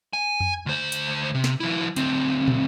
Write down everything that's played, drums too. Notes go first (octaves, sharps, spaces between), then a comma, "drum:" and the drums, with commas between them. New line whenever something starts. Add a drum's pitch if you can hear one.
G#5
drum: tom F2
D2 C5
drum: hi-hat
C3
drum: snare
F3 E4
D2 C4, drum: hi-hat
drum: tom